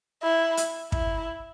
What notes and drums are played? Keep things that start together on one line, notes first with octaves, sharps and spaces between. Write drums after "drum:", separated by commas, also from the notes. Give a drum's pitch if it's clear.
E4
drum: hi-hat
E4, drum: kick